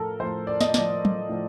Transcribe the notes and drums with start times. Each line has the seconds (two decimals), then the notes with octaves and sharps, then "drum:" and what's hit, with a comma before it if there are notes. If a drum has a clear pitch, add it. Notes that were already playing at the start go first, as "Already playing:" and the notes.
Already playing: A2 F3 A4 A#4
0.20 A2 F3 C5
0.47 D5
0.61 D#5, drum: snare
0.74 A2 F3 D5, drum: snare
1.05 drum: tom
1.29 A2 F3